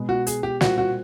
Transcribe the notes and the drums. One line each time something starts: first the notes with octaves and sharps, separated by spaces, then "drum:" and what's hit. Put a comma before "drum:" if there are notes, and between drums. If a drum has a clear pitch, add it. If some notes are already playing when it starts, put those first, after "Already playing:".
Already playing: B2 G#3 B3
F#4
G#4, drum: hi-hat
G4
A#2 G3 C4 F4 F#4, drum: snare
F#4